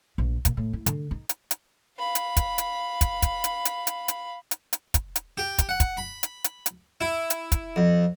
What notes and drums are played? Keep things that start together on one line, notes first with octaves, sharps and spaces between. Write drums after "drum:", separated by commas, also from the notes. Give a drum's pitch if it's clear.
A#1
A#2, drum: kick, hi-hat
A2
E4
D3, drum: hi-hat
D#4
drum: hi-hat
drum: hi-hat
F5 B5
drum: hi-hat
drum: kick, hi-hat
drum: hi-hat
drum: kick, hi-hat
drum: kick, hi-hat
drum: hi-hat
drum: hi-hat
drum: hi-hat
drum: hi-hat
drum: hi-hat
drum: hi-hat
drum: kick, hi-hat
drum: hi-hat
G4
drum: kick, hi-hat
F#5
drum: kick, hi-hat
B5
drum: hi-hat
drum: hi-hat
drum: hi-hat
E4
drum: hi-hat
drum: kick, hi-hat
F2